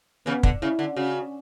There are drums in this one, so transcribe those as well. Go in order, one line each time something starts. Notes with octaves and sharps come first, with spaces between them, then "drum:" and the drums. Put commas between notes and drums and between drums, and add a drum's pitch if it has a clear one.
C#3 E3 B3
D3, drum: kick
C#3 E4
D3
C#3 F#4